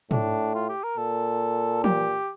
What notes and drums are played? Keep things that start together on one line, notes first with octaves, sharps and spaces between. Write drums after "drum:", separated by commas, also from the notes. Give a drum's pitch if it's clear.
A2 D4, drum: tom
F4
G4
A#4
A#2 A4
G4, drum: tom E3